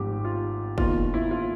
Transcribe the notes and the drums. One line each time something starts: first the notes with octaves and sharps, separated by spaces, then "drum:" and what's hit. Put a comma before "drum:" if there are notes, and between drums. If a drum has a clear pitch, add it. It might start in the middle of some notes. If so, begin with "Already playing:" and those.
Already playing: G#1 G#2 F3 A3 C4 G4
F4
E1 D#2 D#3 F4, drum: kick
E4
F4